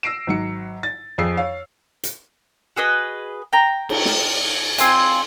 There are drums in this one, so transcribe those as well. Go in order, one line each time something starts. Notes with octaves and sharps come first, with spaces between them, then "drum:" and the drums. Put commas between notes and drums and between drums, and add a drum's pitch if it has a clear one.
E6 A#6 C7 D7 E7
G#1 F#3 C#7
A6
F2 F3 G#4 E6 C7
C#5 F5
drum: hi-hat
F#4 G#4 B4 D#5
G5 A#5
drum: cymbal
drum: snare
C4 F4 G#5, drum: hi-hat